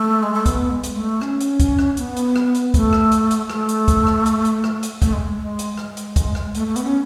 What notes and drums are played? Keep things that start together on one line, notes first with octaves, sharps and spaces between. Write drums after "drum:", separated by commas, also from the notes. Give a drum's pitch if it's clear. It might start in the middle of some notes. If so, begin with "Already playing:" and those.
Already playing: A3
G#3
A3
B3, drum: kick, hi-hat
G#3
drum: hi-hat
A3
C#4, drum: rim click
drum: hi-hat
drum: kick, hi-hat
drum: rim click
B3, drum: hi-hat
drum: hi-hat
drum: rim click
drum: hi-hat
A3, drum: kick, hi-hat
drum: rim click
drum: hi-hat
drum: hi-hat
A3, drum: rim click
drum: hi-hat
drum: kick, hi-hat
drum: rim click
drum: hi-hat
drum: hi-hat
drum: rim click
drum: hi-hat
A3, drum: kick, hi-hat
G#3
G#3
drum: hi-hat
G#3, drum: rim click
drum: hi-hat
drum: kick, hi-hat
drum: rim click
A3, drum: hi-hat
A3
B3, drum: hi-hat
C#4